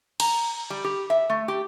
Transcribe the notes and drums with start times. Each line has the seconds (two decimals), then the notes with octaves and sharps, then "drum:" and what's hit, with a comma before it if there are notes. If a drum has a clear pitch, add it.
0.20 A#5, drum: cymbal
0.70 G3
0.84 G4
1.10 E5
1.30 A3
1.48 G4